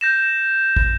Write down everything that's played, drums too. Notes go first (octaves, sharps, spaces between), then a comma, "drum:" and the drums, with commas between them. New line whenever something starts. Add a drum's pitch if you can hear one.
G6 A#6 E7
drum: kick